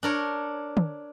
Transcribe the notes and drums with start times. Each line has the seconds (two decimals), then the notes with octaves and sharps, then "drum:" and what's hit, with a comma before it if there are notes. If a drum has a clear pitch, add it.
0.03 D4 A#4 C#5
0.77 drum: tom